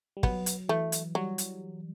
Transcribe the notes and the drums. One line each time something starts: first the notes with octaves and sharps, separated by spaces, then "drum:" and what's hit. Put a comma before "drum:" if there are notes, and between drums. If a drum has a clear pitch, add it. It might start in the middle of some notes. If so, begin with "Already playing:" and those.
G3
F#3 B3, drum: kick
drum: hi-hat
E3 A3
drum: hi-hat
F#3 G3
drum: hi-hat